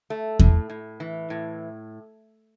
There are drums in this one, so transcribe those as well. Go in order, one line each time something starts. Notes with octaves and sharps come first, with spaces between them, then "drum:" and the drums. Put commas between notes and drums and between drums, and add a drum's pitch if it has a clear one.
A3
A2, drum: kick E2
A2
E3
A2